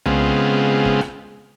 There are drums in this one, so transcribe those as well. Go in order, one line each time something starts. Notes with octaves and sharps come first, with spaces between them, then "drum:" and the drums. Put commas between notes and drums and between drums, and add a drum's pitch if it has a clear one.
C#3 G#3 B3 C4 F4, drum: tom C2
drum: kick
drum: rim click